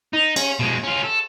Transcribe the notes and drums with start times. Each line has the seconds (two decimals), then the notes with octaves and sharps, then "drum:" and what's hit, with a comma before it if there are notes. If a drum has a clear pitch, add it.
0.13 D#4
0.36 C#4, drum: cymbal
0.59 B2 G#3
0.84 C#4 F4
1.04 A4